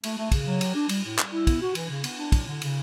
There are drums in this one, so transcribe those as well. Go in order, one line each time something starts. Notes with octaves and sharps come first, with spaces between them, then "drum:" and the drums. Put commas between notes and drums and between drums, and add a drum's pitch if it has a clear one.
A3, drum: cymbal
A3
C#3, drum: kick, cymbal
F#3
G4, drum: cymbal
D4
G3, drum: cymbal
A2
G3, drum: clap
E4
B3, drum: kick, cymbal
F#4
E3, drum: cymbal
C#3
B3, drum: cymbal
D4
F#3, drum: kick, cymbal
D3
C#3, drum: cymbal